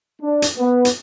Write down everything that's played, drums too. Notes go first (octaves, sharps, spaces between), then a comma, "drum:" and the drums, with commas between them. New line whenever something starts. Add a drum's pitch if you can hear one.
D4
drum: hi-hat
B3
drum: hi-hat